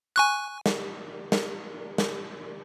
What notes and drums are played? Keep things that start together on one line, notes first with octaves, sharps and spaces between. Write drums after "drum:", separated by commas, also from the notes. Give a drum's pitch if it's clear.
G#5 C#6 F#6
drum: snare
drum: snare
drum: snare